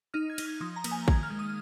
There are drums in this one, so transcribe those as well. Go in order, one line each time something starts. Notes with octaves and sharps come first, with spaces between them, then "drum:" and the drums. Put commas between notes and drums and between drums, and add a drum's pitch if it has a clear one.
D#4 F6
G#6
D#4, drum: cymbal
F6
F3 D#6
A#5
A#3, drum: cymbal
G#5
D#3 G#6, drum: kick
F6
G#3
D#6